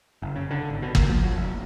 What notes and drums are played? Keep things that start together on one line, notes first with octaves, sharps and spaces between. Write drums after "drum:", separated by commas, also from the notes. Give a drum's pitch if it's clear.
F#1
C#3
D3
G#1
B2
A#3, drum: kick
F3
F#3
E1